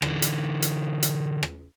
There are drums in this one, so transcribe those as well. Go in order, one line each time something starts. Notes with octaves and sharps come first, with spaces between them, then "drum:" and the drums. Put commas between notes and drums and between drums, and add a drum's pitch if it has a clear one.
D3 E3, drum: rim click
drum: hi-hat
drum: hi-hat
drum: hi-hat
drum: rim click